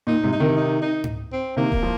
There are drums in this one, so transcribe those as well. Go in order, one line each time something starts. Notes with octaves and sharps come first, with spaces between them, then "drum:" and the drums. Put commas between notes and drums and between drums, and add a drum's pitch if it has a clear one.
A#2 D#4
G#2 C3
D#4
C3 D#3
D#4
D#4
drum: tom G#2
C4
C3 D#3 A#3
drum: kick D#1
F3